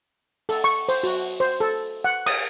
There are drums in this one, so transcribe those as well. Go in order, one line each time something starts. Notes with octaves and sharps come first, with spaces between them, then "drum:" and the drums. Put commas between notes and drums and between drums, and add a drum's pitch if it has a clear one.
A4, drum: open hi-hat
C#6
C5, drum: open hi-hat
F#4, drum: open hi-hat
C5
A4
F#5
D#6, drum: cymbal